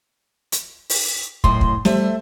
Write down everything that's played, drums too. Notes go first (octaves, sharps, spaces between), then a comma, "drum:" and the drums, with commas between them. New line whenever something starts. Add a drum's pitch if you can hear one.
drum: hi-hat
drum: open hi-hat
F#2 A2 D#5 C6, drum: kick
drum: kick
G3 A3 C5 E5, drum: snare